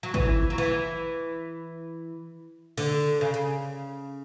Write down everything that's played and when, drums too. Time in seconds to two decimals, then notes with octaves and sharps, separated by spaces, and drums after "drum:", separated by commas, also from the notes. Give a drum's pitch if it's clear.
0.03 F#3
0.14 E3, drum: kick
0.50 F#3
0.58 E3
2.78 D3, drum: cymbal
3.21 C#3
3.34 drum: hi-hat